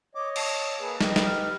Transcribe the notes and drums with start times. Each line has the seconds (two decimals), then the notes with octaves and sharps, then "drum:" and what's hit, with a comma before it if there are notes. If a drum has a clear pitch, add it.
0.15 C#5 D#5 D6
0.36 A5, drum: cymbal
0.80 A#3 G#4 B4
1.01 D#4 G4 B4 D#5, drum: snare
1.16 drum: snare
1.25 F6